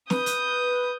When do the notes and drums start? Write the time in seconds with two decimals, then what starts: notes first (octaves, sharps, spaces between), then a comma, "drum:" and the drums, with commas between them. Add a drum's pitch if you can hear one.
0.10 B4 D#6 G6, drum: snare
0.26 drum: hi-hat